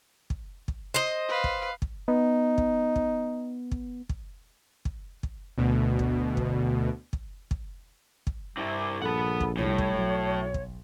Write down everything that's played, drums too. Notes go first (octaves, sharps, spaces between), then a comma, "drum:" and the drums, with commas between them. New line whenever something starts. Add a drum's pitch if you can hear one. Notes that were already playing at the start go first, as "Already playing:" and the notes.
drum: kick
drum: kick
C5 D#5
B4 F5
drum: kick
drum: kick
B3 D#4
drum: kick
drum: kick
drum: kick
drum: kick
drum: kick
drum: kick
D2 B2
drum: kick
drum: kick
drum: kick
drum: kick
drum: kick
G2 C3 G3
A#1 A4 F#5 B5
drum: kick
C2 A2 C#5
drum: kick
B1 F#3
drum: kick